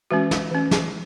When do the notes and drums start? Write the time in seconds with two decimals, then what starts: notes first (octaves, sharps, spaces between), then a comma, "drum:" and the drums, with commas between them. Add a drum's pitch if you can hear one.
0.11 E3 G#3 C#4 F#4
0.31 drum: snare
0.51 E3 A3 C#4
0.71 drum: snare